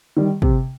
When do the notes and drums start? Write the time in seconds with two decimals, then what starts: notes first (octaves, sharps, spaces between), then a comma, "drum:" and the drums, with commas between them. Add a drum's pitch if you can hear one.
0.17 D#3 G3
0.42 C3, drum: kick